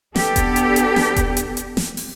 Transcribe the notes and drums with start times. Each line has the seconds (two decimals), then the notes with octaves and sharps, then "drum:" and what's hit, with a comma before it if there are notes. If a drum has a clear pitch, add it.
0.16 B3 D4 G4 A4, drum: snare
0.36 drum: kick E1, hi-hat
0.56 drum: hi-hat
0.76 drum: hi-hat
0.96 drum: snare
1.16 drum: kick E1, hi-hat
1.37 drum: hi-hat
1.57 drum: hi-hat
1.77 drum: snare
1.97 drum: open hi-hat